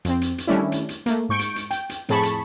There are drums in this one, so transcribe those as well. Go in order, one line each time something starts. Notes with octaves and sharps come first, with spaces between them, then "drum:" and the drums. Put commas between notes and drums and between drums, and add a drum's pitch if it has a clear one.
F2 C4, drum: hi-hat
drum: hi-hat
drum: hi-hat
D#3 G3 A3 C#4 D4 E4
drum: hi-hat
drum: hi-hat
A3 A#3, drum: hi-hat
G#2 C#6 G6 D7
drum: hi-hat
drum: hi-hat
G5, drum: hi-hat
drum: hi-hat
F2 A2 G#4 A5 B5 C#6, drum: hi-hat
drum: hi-hat